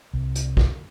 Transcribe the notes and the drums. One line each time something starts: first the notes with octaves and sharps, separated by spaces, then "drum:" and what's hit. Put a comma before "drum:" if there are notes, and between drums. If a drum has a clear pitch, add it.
C2
drum: hi-hat
drum: kick